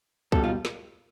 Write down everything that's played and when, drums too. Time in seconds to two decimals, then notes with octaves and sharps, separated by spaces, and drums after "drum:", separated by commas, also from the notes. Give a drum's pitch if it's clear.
0.32 B1 B2 G3 A4, drum: kick
0.44 F4
0.65 drum: snare